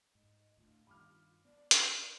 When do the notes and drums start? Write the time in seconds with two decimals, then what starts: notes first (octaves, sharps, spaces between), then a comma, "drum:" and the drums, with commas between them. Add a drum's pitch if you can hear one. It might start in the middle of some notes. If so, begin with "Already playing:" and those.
0.15 G#2 D#5
0.57 D2 A2 D3 F4
0.87 G2 D#3 B5 D6 F6
1.45 B3 D5
1.71 A4 C6, drum: hi-hat